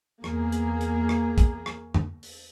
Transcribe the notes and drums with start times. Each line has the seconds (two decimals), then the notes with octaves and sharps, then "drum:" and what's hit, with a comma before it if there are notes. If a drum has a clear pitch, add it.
0.24 E2 A#3 G#4, drum: rim click
0.52 drum: hi-hat
0.81 drum: hi-hat
1.09 drum: rim click
1.38 drum: kick, hi-hat
1.66 drum: rim click
1.94 drum: tom F2
2.23 drum: open hi-hat